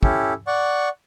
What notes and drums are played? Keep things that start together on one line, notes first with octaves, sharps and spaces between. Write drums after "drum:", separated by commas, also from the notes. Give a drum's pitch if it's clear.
C#4 E4 G4 A4, drum: kick
D5 F#5 C#6